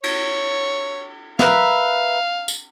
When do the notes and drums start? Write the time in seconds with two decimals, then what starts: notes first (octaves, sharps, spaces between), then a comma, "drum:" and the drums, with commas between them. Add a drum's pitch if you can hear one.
0.03 C#5, drum: cymbal
1.39 A#4 B4 E5 F5, drum: snare
2.48 drum: tambourine